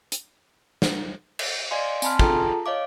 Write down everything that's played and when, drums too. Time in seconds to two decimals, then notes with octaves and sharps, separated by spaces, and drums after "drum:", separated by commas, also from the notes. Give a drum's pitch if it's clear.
0.12 drum: hi-hat
0.82 drum: snare
1.39 drum: cymbal
1.71 D5 D#5 F5 G#5 C6
2.02 C4 G#5 A5 B5 C6 F6, drum: tambourine
2.19 F4 G#4 A4 G5 A5 A#5, drum: kick
2.66 C#5 D#5 F5 D6